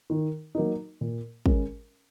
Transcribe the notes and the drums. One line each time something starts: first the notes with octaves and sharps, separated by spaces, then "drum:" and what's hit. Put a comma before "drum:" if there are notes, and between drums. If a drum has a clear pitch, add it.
D#3
F#3 A#3 D#4
A#2
G#3 C#4 A#4, drum: kick